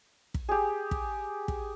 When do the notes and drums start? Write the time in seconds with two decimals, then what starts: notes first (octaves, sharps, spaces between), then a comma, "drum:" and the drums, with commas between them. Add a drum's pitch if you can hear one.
0.34 drum: kick
0.49 G4 G#4
0.91 drum: kick
1.48 drum: kick